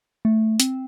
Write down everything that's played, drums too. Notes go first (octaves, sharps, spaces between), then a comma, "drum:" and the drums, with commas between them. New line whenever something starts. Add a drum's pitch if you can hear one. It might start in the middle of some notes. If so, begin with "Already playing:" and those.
A3
C4, drum: hi-hat